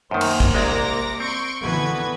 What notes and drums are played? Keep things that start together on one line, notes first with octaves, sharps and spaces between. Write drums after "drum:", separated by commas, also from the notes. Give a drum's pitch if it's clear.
F#2 D#3 A#3 C5
drum: cymbal
drum: kick
C2 G#3 A#5 D6 A#6
C4 C6 C#6 D7
D3 E3 B3 F#4 B4 G#6